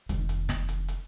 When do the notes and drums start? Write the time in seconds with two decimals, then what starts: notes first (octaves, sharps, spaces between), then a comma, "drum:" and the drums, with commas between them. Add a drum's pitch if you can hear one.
0.09 F1 D#3, drum: hi-hat
0.29 drum: hi-hat
0.49 drum: snare
0.69 drum: hi-hat
0.88 drum: hi-hat